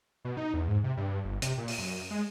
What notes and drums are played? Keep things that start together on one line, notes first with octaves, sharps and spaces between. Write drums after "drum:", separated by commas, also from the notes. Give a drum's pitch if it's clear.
B2
D#4
E2
G#2
C3
G2
G1
C3, drum: hi-hat
A#2
drum: open hi-hat
F#2
G#3